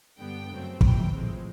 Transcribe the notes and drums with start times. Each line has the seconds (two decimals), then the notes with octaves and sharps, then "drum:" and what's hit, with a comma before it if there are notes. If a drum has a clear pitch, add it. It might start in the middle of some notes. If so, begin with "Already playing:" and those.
0.18 G2 D3 G3 B3 G5
0.50 F#2 C#3 F#3 A3 C4
0.81 G1 F2 C3 E3 G5, drum: kick
1.12 A2 F3 G#3 C4